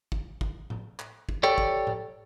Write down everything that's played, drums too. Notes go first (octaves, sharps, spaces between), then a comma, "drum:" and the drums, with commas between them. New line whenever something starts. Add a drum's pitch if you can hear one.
drum: kick
drum: kick
drum: tom A2
drum: clap
drum: kick
G4 A4 C#5 D5 G5
drum: kick
drum: tom A2